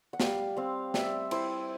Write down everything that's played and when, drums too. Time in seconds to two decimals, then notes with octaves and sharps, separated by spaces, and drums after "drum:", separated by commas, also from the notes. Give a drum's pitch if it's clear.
0.13 F#5
0.20 G3 F5, drum: snare
0.57 C4 F5
0.94 G3 E5, drum: snare
1.31 E4 C5, drum: cymbal